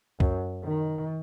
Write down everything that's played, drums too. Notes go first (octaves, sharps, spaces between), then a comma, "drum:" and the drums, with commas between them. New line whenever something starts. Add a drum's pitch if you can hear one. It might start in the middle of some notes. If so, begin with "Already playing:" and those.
F#2, drum: kick C2
D#3